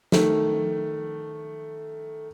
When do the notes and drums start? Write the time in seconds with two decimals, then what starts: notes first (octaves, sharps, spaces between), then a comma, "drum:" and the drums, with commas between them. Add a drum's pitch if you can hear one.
0.12 D#3 A3, drum: snare